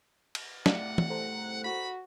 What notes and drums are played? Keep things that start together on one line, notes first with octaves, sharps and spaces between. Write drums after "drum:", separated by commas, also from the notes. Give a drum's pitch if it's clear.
drum: cymbal
C2 A2 D5 F5 F#5, drum: snare
drum: tom
A4 C5 A#5
F#4 B5